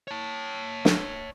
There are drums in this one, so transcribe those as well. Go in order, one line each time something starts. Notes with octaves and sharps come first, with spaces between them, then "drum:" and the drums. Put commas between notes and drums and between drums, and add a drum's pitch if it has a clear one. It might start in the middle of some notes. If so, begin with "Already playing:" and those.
C#5 A5
drum: snare